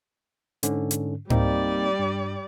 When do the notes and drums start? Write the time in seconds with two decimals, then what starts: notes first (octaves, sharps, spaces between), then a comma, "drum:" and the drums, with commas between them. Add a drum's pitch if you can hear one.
0.63 G#2 D3 C#4, drum: hi-hat
0.91 drum: hi-hat
1.30 G3 A#3 C4 D#4 D5, drum: tom G#2
1.99 G2